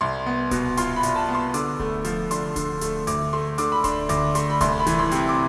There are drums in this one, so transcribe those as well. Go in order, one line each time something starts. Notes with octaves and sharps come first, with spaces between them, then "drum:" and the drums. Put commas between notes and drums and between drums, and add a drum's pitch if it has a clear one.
C2 C6
B3
B2, drum: kick D1, hi-hat
F4 C6, drum: hi-hat
B5
C2, drum: hi-hat
A5
B3
C6
D3 D6, drum: hi-hat
A3, drum: kick D1
F3, drum: hi-hat
D3 C6, drum: hi-hat
D3, drum: kick D1, hi-hat
A3, drum: hi-hat
D2 D6, drum: hi-hat
A3 C6
D3 D6, drum: hi-hat
B5
D4 C6, drum: kick D1, hi-hat
D2 D6, drum: hi-hat
A3 C6, drum: hi-hat
B5
C2 C6, drum: kick D1, hi-hat
B5
E3, drum: hi-hat
C6
C3, drum: hi-hat
D6